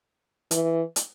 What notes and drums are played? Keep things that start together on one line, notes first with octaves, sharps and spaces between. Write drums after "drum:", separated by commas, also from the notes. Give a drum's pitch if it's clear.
E3, drum: hi-hat
drum: hi-hat